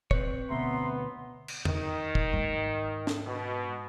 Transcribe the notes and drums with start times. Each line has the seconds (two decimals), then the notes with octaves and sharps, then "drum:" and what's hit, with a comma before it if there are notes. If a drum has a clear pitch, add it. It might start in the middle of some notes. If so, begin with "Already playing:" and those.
0.11 C4 B4 C#5, drum: kick
0.50 D2 B2 B3 E5 A#5 C6
1.48 drum: cymbal
1.65 D#3, drum: tom E2
2.15 drum: kick
2.33 G#2
3.07 drum: snare
3.25 B2